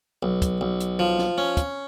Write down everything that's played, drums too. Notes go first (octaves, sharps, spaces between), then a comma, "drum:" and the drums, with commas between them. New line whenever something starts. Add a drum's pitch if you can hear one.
B1
drum: kick, hi-hat
B1
drum: hi-hat
F3
drum: snare
C#4
drum: kick, hi-hat